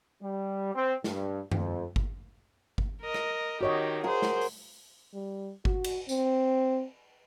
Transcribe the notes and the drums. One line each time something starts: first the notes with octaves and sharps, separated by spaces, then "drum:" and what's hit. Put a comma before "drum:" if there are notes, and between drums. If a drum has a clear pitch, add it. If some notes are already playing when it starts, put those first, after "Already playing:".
G3
C4
G2, drum: snare
F2, drum: tom F#2
drum: kick G1
drum: kick G1
A#4 D#5
drum: rim click
D#3 F#4 G4 C#5 D#5
G#4 A#4 C5 F#5
drum: snare
drum: open hi-hat
G3
F#4, drum: kick G1
drum: cymbal
C4, drum: tambourine